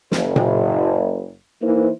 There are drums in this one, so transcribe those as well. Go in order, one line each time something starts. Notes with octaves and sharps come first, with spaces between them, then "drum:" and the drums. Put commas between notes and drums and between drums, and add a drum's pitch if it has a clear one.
F#1, drum: snare
drum: tom A#2
E3 A#3 D#4 C5